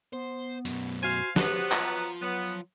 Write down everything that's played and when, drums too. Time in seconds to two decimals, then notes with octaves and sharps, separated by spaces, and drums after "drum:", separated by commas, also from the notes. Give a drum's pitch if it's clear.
0.13 B3 C5
0.65 F#2 B2, drum: hi-hat
1.03 F#4 C5 F5 G#5
1.36 F#3 B3 C4 G4, drum: snare
1.72 F3 A#5, drum: clap
2.21 F#3 B3